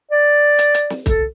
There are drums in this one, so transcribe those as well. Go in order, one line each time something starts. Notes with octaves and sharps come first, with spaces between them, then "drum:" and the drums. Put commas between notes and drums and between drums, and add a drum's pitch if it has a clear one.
D5
drum: hi-hat
drum: hi-hat
drum: snare
A4, drum: kick C2, hi-hat